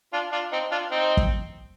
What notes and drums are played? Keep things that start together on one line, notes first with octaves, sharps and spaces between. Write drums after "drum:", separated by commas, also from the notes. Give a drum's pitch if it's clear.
D4 F4
D4 F4
C4 D#4
D4 F4
C4 D#4
drum: kick